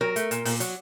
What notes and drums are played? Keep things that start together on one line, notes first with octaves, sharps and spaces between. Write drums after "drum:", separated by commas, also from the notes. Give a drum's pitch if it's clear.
F#3 A#4
A3, drum: hi-hat
A#2, drum: hi-hat
A#2, drum: open hi-hat
F#3, drum: hi-hat